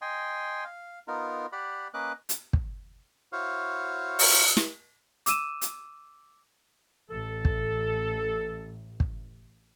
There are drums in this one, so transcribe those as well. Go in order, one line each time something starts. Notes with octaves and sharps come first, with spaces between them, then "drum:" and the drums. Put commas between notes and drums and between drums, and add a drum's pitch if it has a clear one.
D#5 G5 G#5 C6
F5
B3 D#4 F4 A#4
G4 D5 F#5 B5
A#3 C#4 B4 D#5 D6 F#6
drum: hi-hat
drum: kick
E4 F#4 C5 C#5 F5
drum: open hi-hat
drum: snare
D6 E6 D#7 E7, drum: hi-hat
drum: hi-hat
A1 A4
drum: kick
drum: kick